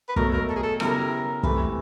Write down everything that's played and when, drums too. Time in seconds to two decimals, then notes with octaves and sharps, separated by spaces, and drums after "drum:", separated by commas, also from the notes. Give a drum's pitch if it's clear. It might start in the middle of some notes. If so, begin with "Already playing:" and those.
0.08 B4
0.16 B2 F#3 A3 A#4, drum: kick
0.33 A#4
0.49 A4
0.56 G#4
0.63 A4
0.80 C#3 F#3 B3 E4 G4 A#4, drum: rim click
1.43 C3 E3 A3 B4, drum: kick